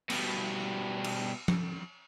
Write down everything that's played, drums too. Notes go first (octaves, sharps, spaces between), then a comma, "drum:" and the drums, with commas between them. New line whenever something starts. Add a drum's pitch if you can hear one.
B2 G3, drum: cymbal
drum: cymbal
drum: tom F3